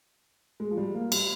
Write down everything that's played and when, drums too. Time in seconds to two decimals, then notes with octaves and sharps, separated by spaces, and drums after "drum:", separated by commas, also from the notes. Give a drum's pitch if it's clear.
0.60 G#3
0.71 F3
0.77 G3
0.94 A#3
1.12 G3, drum: cymbal